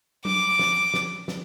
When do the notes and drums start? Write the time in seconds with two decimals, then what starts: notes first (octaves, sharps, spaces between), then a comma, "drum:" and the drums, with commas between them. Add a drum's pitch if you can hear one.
0.25 D6, drum: tom F#3
0.59 drum: snare
0.94 drum: snare
1.28 drum: snare